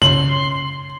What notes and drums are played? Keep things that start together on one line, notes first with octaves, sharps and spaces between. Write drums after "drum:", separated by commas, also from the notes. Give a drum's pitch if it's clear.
C#3 C6 F#7, drum: tom F#2